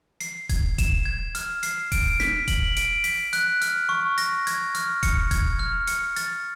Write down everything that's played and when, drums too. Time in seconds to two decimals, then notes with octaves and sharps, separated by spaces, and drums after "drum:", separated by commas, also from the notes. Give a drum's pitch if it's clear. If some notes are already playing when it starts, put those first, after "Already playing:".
0.20 C7, drum: hi-hat
0.49 G#6, drum: kick D#1, hi-hat
0.78 E7, drum: kick D#1, hi-hat
1.06 G#6
1.35 F6, drum: hi-hat
1.63 C7, drum: hi-hat
1.92 D7, drum: kick D#1, open hi-hat
2.20 B6, drum: snare
2.48 F#7, drum: kick D#1, hi-hat
2.77 D7, drum: hi-hat
3.04 B6, drum: open hi-hat
3.33 F#6, drum: hi-hat
3.62 F6, drum: hi-hat
3.89 C#6
4.18 A#6, drum: hi-hat
4.47 G#6, drum: hi-hat
4.75 F6, drum: hi-hat
5.03 C#7, drum: kick D#1, hi-hat
5.31 G#6, drum: kick D#1, hi-hat
5.59 F6
5.87 C#7, drum: hi-hat
6.16 A6, drum: hi-hat